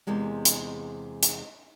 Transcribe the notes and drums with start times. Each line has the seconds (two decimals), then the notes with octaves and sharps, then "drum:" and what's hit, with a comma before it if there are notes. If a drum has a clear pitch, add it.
0.07 E2 C3 G#3 A#3
0.45 drum: hi-hat
1.23 drum: hi-hat